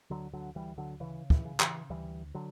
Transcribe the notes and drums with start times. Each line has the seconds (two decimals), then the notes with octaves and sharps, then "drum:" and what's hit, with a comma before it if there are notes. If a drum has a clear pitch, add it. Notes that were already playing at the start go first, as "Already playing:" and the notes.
0.10 D2 D3 F#3
0.33 D3 F#3
0.55 D2 E3 G3
0.78 D3 F#3
1.00 C#3 E3
1.30 E3, drum: kick
1.45 C#3
1.60 E3, drum: clap
1.90 D2 E3 G3
2.35 D3 F#3